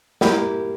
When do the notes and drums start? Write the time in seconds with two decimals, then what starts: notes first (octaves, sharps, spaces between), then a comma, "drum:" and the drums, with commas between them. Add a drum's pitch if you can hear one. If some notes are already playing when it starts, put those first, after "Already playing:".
0.21 A#3 E4 G4, drum: snare